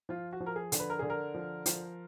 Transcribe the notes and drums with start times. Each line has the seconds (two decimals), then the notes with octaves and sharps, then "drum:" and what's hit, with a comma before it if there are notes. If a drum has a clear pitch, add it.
0.09 F3 F4
0.33 F#4
0.40 F3
0.46 A#4
0.56 G#4
0.72 D3, drum: hi-hat
0.80 B4
0.90 A#4
0.99 D3 G#4
1.10 A#4
1.34 F3
1.66 F3, drum: hi-hat